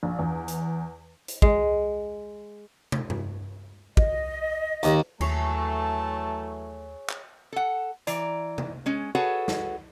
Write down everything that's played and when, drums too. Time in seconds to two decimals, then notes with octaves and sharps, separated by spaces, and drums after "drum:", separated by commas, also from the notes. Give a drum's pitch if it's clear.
0.03 A#1
0.19 E2
0.48 drum: hi-hat
1.28 drum: hi-hat
1.42 G#3, drum: kick
2.92 drum: tom
3.10 drum: tom
3.97 D#5, drum: kick
4.83 D#2, drum: hi-hat
5.21 D#2 E3 F#3 A3 G#4 C#5 A5, drum: cymbal
7.09 drum: clap
7.52 A4 F#5
8.07 E3 D5 A#5, drum: hi-hat
8.58 drum: tom C3
8.86 G#3 C#4
9.15 F#4 G#4 A4 B4 C#5 F#5
9.48 drum: snare